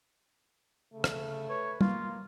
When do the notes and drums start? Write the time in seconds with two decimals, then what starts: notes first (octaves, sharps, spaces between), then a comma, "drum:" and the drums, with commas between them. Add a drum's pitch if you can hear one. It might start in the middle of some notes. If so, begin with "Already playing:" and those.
0.93 C#3 A3
1.04 drum: rim click
1.49 B4 C#5
1.81 A#3 F4, drum: tom